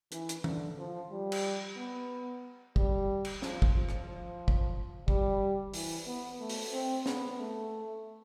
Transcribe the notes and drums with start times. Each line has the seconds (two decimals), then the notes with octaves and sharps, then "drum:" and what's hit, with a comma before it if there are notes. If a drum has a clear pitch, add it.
0.12 E3, drum: hi-hat
0.29 drum: hi-hat
0.44 D3, drum: tom E3
0.78 F3
1.11 G3
1.32 drum: cymbal
1.76 B3
2.76 G3, drum: kick
3.25 drum: cymbal
3.42 F3, drum: snare
3.62 drum: kick
3.75 F3
3.89 drum: rim click
4.08 F3
4.48 drum: kick
5.08 G3, drum: kick
5.74 E3, drum: open hi-hat
6.07 B3
6.40 A3
6.49 drum: open hi-hat
6.73 C4
7.06 B3, drum: snare
7.39 A3